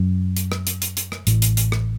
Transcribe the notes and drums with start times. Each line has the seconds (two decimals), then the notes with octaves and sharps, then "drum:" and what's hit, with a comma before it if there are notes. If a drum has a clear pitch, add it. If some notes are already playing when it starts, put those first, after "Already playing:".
Already playing: F#2
0.37 drum: hi-hat
0.52 drum: rim click
0.67 drum: hi-hat
0.82 drum: hi-hat
0.97 drum: hi-hat
1.12 drum: rim click
1.27 A1 A2, drum: hi-hat
1.42 drum: hi-hat
1.57 drum: hi-hat
1.72 drum: rim click